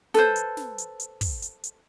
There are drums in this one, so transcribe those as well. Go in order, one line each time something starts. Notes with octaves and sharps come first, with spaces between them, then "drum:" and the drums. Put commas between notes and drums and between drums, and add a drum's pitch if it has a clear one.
A4 B4 C5, drum: snare
drum: hi-hat
drum: snare
drum: hi-hat
drum: hi-hat
drum: kick, open hi-hat
drum: hi-hat
drum: hi-hat